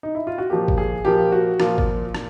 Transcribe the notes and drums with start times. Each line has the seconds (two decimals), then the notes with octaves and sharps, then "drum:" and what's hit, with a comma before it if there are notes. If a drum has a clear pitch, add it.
0.03 D#4
0.15 E4
0.27 F4
0.38 F#4
0.50 A#2 F3 A#3 G4
0.68 drum: kick G#1
0.78 G#4
1.05 A#2 F3 A#3 G4
1.32 F#4
1.60 A#2 F3 A#3 F4, drum: rim click
1.78 drum: kick G#1
2.15 A#2, drum: rim click